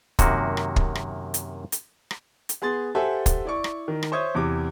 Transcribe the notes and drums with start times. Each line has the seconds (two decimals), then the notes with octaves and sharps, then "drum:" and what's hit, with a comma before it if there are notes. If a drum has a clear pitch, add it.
0.19 F#2 C3 D#3 A#3 F#4, drum: kick, hi-hat
0.57 drum: rim click
0.76 drum: kick
0.95 drum: rim click
1.34 drum: hi-hat
1.72 drum: hi-hat
2.11 drum: rim click
2.49 drum: hi-hat
2.62 B3 G#4 C6 A6
2.95 G4 A4 C5 E5 F#5 G#5
3.26 drum: kick, hi-hat
3.45 E4 D5 C#6
3.64 drum: rim click
3.88 D#3 A#4
4.03 drum: rim click
4.12 C5 C#5 E5 C#6 D#6 G#6
4.35 E2 C3 D6